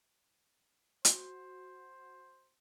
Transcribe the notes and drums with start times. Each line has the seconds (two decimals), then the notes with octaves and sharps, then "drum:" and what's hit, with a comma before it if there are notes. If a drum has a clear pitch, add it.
1.05 F#4 C5, drum: hi-hat